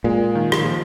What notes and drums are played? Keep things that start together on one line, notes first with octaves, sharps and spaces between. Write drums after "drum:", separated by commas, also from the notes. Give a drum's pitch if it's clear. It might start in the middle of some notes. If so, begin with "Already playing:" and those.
A#2 G#3
D#3
drum: rim click
F3